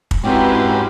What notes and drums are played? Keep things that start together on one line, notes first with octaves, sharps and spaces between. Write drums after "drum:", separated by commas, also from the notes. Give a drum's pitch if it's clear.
drum: kick
G#2 C4 C#4 E4 F#4 G4 B4 C6